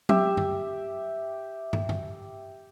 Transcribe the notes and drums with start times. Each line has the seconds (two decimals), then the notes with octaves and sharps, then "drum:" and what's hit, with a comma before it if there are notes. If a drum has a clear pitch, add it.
0.09 G4 E5, drum: tom F#3
0.37 drum: tom F#2
1.73 drum: tom
1.89 drum: tom F#2